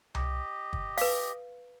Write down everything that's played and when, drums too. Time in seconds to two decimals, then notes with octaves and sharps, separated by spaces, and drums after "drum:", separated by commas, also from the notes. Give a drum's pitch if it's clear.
0.15 G4 D#5, drum: tom C2
0.73 drum: kick
0.98 B4 F5, drum: open hi-hat